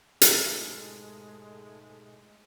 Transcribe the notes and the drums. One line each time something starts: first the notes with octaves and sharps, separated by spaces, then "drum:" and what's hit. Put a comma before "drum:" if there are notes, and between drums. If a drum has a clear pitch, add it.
B1 G#2 G#3 A3 G4, drum: hi-hat